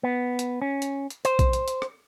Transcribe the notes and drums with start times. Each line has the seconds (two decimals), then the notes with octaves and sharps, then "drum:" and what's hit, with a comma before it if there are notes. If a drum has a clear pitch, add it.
0.03 B3
0.39 drum: hi-hat
0.62 C#4
0.82 drum: hi-hat
1.10 drum: hi-hat
1.25 C5, drum: hi-hat
1.39 drum: kick B1, hi-hat
1.53 drum: hi-hat
1.68 drum: hi-hat
1.82 drum: rim click